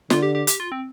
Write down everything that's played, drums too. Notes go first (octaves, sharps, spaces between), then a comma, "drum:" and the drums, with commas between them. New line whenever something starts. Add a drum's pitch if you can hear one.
D3 F4, drum: snare
G4
G4
G4, drum: hi-hat
F4
C4